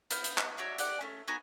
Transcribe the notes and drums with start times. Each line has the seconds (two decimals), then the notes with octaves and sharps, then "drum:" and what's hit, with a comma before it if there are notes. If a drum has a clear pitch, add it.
0.11 B3 F6 G6, drum: hi-hat
0.24 drum: hi-hat
0.38 drum: clap
0.57 F#4 C#5 D5 E5
0.78 G4 D5 F#5, drum: hi-hat
1.01 A3 C#4
1.28 B3 D#4 F#4 G#5